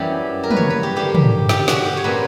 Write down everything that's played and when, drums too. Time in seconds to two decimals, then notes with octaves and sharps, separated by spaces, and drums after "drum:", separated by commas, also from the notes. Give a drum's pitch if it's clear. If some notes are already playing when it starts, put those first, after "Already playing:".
Already playing: F#2 E3 G3 C#4 E4 G4
0.43 A#4
0.51 B4, drum: tom
0.56 C#5
0.70 B4
0.83 G4
0.96 D3 A#3 D4 G4
1.15 drum: tom
1.49 G4, drum: snare
1.68 F#4, drum: snare
1.85 G4
1.97 C#5
2.04 A#2 A#3 C#4 B4